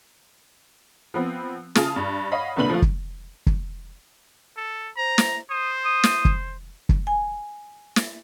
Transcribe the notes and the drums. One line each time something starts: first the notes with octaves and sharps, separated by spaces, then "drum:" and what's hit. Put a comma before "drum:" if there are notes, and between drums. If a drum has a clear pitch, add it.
F3 B3 C4
C#3 F4 G#4 A5 D#6 F6, drum: snare
G2
C#5 D#5 F5 F#5 B5
C2 A#2 D3 B4 B5 F#7
F3 A3 F4
drum: kick
drum: kick
A4
C5 A#5
drum: snare
C5 D#6
D#6
drum: snare
drum: kick
drum: kick
G#5
drum: snare